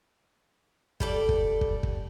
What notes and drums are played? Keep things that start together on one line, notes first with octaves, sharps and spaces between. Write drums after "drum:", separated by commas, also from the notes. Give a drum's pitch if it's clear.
G3 A4 D5, drum: kick
drum: kick
drum: kick
drum: kick